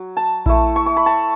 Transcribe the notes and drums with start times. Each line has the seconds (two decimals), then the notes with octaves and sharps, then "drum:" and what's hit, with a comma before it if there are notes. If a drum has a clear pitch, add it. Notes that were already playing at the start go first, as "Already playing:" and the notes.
Already playing: F#3
0.17 A5
0.46 A3 E4, drum: kick A#1
0.76 C#6
0.86 C#6
0.97 B5
1.06 A5